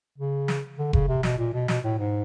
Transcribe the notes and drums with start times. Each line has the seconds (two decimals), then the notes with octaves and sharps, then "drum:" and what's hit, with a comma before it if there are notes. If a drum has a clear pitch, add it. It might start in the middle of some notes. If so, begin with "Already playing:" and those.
0.18 C#3
0.48 drum: snare
0.78 D3
0.93 C#3, drum: kick F1
1.08 C3
1.23 B2, drum: snare
1.38 A#2
1.53 B2
1.68 B2, drum: snare
1.84 A2
1.99 G#2